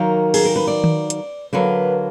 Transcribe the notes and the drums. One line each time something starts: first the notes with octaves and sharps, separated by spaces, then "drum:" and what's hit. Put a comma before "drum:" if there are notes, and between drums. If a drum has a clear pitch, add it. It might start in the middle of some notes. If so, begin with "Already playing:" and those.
Already playing: D#3 F#3 A#3 A#4
G#4, drum: cymbal
A#4
B4
D5
drum: tom D#3
drum: hi-hat
D3 F#3 A#3 B4